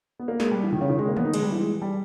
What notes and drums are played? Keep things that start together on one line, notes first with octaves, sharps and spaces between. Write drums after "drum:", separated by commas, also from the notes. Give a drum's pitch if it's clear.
B3
A#3
G#3, drum: snare
G3
E3
D#3
C#3
D#3
G#3
A#3
B3, drum: tom D3
D#4
G#3, drum: cymbal
G3
E3
G#3
G3